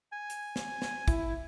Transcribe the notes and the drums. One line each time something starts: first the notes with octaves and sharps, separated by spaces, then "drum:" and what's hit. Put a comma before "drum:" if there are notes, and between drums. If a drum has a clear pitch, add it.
G#5
drum: hi-hat
drum: snare
drum: snare
E4, drum: kick, hi-hat